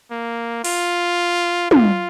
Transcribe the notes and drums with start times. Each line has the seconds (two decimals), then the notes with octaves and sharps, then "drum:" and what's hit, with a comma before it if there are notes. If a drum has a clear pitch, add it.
0.11 A#3
0.64 F4, drum: open hi-hat
1.71 F4, drum: tom